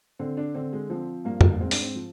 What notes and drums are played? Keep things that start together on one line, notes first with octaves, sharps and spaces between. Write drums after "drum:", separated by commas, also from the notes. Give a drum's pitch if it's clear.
D3 C4
D4
D3 C4
G#3
F3 C4
G2 A#3
drum: tom F2
G#2 C4
D4, drum: open hi-hat
C4
F3